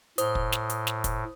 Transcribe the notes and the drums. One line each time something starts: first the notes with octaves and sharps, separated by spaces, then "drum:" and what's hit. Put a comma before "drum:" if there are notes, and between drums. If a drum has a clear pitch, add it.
A2 C5 D#6, drum: hi-hat
drum: kick
drum: snare
drum: hi-hat
drum: snare
drum: kick, hi-hat